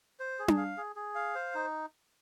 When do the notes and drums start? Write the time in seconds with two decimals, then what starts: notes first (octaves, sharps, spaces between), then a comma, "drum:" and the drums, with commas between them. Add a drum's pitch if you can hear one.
0.20 C5
0.39 G#4
0.48 drum: tom D4
0.57 F5
0.77 G#4
0.96 G#4
1.15 F5
1.35 C5
1.55 D#4